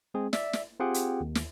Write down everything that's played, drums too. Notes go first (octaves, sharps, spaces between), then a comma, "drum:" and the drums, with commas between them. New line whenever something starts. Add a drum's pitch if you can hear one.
G#3 C4 G#4
D5 E5, drum: snare
drum: snare
C4 F4 G4 G#4 F#5 G5
drum: hi-hat
D#2
drum: snare